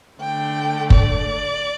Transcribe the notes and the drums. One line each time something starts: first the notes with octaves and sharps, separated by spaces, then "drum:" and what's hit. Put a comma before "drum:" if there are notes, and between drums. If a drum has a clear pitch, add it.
D3 A3 D4 G5
D5, drum: kick